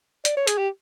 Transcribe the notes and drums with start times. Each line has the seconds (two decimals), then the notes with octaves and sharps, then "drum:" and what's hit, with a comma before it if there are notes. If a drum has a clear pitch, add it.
0.25 D5, drum: hi-hat
0.37 C#5
0.47 G#4, drum: hi-hat
0.58 G4